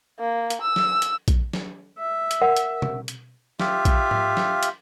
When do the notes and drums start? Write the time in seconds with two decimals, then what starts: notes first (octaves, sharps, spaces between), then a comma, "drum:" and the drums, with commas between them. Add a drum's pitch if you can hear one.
0.20 A#3
0.50 drum: hi-hat
0.62 E6
0.76 drum: snare
1.02 drum: hi-hat
1.28 drum: kick A#1, hi-hat
1.53 drum: snare
1.99 E5
2.31 drum: hi-hat
2.41 A#4 F#5
2.57 drum: hi-hat
2.82 drum: tom B2
3.08 drum: hi-hat
3.60 F4 G4 E5 F5, drum: snare
3.85 drum: kick A#1, hi-hat
4.11 drum: tom G#2
4.37 drum: snare
4.63 drum: hi-hat